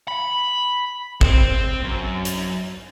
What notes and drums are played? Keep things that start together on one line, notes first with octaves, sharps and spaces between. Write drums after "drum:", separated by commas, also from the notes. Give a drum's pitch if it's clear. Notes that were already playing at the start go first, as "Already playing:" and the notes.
B5
C4, drum: kick A1
F#2
drum: hi-hat